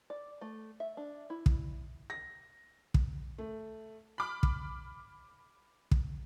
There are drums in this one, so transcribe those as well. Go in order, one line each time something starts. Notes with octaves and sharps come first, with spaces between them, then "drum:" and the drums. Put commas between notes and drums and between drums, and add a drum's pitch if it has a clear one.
D5
A3
E5
D4
E4
drum: kick
A#6
drum: kick
A3
B5 D6 F6
drum: kick
drum: kick